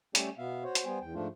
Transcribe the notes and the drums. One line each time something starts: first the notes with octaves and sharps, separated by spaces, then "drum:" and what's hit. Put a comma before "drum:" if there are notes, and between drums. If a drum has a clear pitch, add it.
G3 A3 C#4 G4 A4 D5, drum: hi-hat
B2 B3 E5 F5
F#4 C5 C#5
drum: hi-hat
G3 B3 C5 G5 G#5
E2 G5
G#2 F3 A3 D4 F4